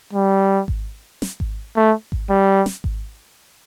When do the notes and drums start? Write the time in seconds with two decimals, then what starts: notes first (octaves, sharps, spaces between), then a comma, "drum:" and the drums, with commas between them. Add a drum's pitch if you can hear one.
0.13 G3
0.68 drum: kick G#1
1.22 drum: snare
1.40 drum: kick G#1
1.77 A3
2.12 drum: kick G#1
2.30 G3
2.66 drum: snare
2.84 drum: kick G#1